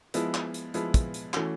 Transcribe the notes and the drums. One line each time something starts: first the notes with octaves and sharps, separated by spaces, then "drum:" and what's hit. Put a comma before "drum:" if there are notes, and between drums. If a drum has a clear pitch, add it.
F3 G#3 B3 E4, drum: hi-hat
drum: clap
drum: hi-hat
F3 G#3 B3 E4, drum: hi-hat
drum: kick, hi-hat
drum: hi-hat
E3 A3 C#4 F#4, drum: clap